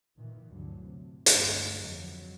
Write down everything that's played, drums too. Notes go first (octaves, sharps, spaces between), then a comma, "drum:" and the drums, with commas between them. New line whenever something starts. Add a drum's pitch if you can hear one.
A#2 D#3 E3
D2 G2 D3 F#3
C3
G#1 C#2 G2 D3 D#3 A3, drum: hi-hat
F2 F#3